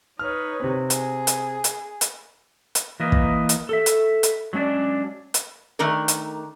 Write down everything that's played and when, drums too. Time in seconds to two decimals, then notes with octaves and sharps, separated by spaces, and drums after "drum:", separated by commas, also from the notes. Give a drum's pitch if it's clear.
0.19 D#4 B4 C#5 F6
0.60 C3 C4
0.90 G#4, drum: hi-hat
1.27 drum: hi-hat
1.64 drum: hi-hat
2.01 drum: hi-hat
2.75 drum: hi-hat
3.00 E3 A#3 A#4 B4 D#5
3.12 drum: kick
3.49 drum: hi-hat
3.69 A4 E5
3.86 drum: hi-hat
4.23 drum: hi-hat
4.53 F#3 G#3 C#4 D4 D5
5.34 drum: hi-hat
5.79 D#3 A3 D4 A#4
6.08 drum: hi-hat